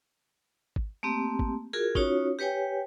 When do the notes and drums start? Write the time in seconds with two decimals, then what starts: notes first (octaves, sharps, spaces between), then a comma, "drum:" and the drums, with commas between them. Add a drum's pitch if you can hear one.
0.76 drum: kick G#1
1.03 A3 A#3 C4 G4
1.39 drum: kick G#1
1.73 F4 F#4 G#4 A#4
1.95 C#4 D#4 F4 F#4 C#5, drum: kick G#1
2.39 G4 B4 C#5 G5 G#5